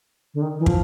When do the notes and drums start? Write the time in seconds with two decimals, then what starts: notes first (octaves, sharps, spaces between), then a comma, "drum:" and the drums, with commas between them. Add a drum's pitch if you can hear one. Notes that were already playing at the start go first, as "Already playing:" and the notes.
0.34 D3
0.42 D#3
0.59 E3
0.66 F3, drum: kick